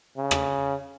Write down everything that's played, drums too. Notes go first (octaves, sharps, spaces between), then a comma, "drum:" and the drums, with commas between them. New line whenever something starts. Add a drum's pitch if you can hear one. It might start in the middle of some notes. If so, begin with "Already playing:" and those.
C#3
drum: rim click